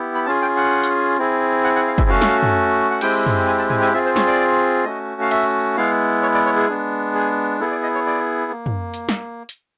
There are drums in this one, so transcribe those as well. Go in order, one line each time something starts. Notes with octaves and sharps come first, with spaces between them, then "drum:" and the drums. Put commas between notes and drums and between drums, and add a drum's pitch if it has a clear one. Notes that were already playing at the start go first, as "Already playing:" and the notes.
Already playing: B3 E4 G4
B5
C#4 F4 G#4 A5
G5
F#5
drum: hi-hat
C4 E4 G#4
F#5
F#5
F5
E5, drum: kick
A3 C#4 F#4 F5
drum: snare
drum: tom
F#5
G#3 C4 E4 G4 G5, drum: cymbal
drum: tom
G#5
A5
G#5, drum: tom
G#5
C4 F4 G#4 E5
C5
C#5, drum: snare
D5
A3 C#4 F#4 D#5
F5
E5, drum: cymbal
G#3 B3 E4 F5
C#5
D5
C#5
G#4
G#3 B3 D4
G#4
B3 E4 G#4 A4
D5
D#5
C#5
D5
A#3
drum: tom
drum: hi-hat
drum: snare
drum: hi-hat